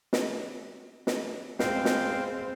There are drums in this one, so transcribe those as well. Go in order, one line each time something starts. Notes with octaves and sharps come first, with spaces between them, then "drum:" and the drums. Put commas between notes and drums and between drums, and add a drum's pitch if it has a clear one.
drum: snare
drum: snare
G#3 B3 C4 F5 G5, drum: snare
drum: snare